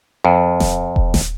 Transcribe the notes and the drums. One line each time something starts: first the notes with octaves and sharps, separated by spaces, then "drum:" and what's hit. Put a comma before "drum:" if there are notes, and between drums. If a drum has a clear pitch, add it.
F2
drum: snare D#1
drum: kick E1
drum: snare D#1